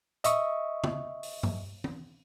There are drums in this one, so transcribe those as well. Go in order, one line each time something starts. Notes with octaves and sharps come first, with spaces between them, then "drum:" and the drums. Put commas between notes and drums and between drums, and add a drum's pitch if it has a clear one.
D#5 E5 C#6 D#6, drum: hi-hat
drum: tom
drum: open hi-hat
drum: tom G2
drum: tom